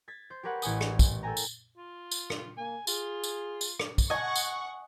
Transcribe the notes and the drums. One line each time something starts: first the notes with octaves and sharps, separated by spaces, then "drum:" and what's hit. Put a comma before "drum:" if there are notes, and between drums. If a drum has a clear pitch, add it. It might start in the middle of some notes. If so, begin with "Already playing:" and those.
G#6 A6 B6
C5
G4 G#4 A#4 B4 C#5 F#5
A1 C#5 G#5 D#6, drum: tambourine
drum: rim click
drum: kick, tambourine
A4 A#4 G5 G#5 A#5
drum: tambourine
F4
drum: tambourine
drum: rim click
A#3 G#5
F4 G#4, drum: tambourine
drum: tambourine
drum: tambourine
drum: rim click
drum: kick, tambourine
D#5 F#5 G#5 C#6
drum: tambourine